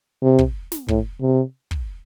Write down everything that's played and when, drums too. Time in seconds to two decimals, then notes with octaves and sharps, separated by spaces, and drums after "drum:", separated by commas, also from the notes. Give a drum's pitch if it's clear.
0.22 C3
0.39 drum: kick
0.72 drum: snare
0.88 A2, drum: kick
1.21 C3
1.71 drum: kick